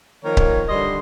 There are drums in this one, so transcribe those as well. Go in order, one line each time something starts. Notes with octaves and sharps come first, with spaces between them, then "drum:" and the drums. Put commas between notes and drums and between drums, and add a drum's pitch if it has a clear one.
D#3 F3 A#3 A#4 C#5
drum: kick C#1
D3 D#3 G3 D#5 C6